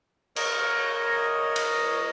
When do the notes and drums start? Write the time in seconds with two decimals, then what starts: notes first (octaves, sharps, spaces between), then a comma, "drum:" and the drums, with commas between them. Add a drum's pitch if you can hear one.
0.36 A#4 C#5 D#5, drum: cymbal
1.56 drum: cymbal